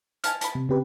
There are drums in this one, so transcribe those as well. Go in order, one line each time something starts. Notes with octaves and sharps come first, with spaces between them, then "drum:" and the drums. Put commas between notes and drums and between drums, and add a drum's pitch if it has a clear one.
G#5 A5 F6, drum: hi-hat
A5 B5, drum: hi-hat
C3
C#3 C4 G4 B4